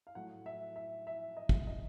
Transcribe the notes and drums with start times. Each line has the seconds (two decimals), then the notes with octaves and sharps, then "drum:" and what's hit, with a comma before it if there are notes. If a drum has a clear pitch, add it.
0.07 F5
0.15 A2 F#3 A3 F#5
0.46 E5
0.76 E5
1.07 E5
1.37 D#5
1.49 drum: kick
1.67 D#5